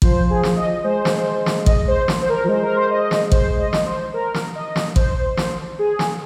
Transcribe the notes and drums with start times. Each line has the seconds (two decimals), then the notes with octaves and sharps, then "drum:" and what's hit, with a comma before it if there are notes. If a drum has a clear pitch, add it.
0.02 F3 C5, drum: kick
0.30 G#4
0.43 drum: snare
0.56 D#5
0.84 G#3 C5
1.05 drum: snare
1.46 drum: snare
1.66 D#5, drum: kick
1.88 C5
2.08 drum: snare
2.22 C5
2.29 A#4
2.44 F3
2.49 G#3 C5
2.63 A#4
2.76 C5
2.90 D#5
3.11 drum: snare
3.32 C5, drum: kick
3.59 D#5
3.73 drum: snare
3.86 C5
4.14 A#4
4.34 drum: snare
4.56 D#5
4.76 drum: snare
4.96 C5, drum: kick
5.37 drum: snare
5.79 G#4
5.99 drum: snare